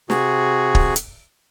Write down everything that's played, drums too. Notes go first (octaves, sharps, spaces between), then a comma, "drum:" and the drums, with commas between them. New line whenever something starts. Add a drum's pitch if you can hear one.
C3 F#4 G#4, drum: snare
drum: kick
drum: hi-hat